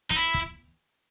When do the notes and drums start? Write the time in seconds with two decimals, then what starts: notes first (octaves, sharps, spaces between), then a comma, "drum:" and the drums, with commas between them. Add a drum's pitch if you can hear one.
0.10 D#4, drum: snare
0.16 E4
0.34 drum: kick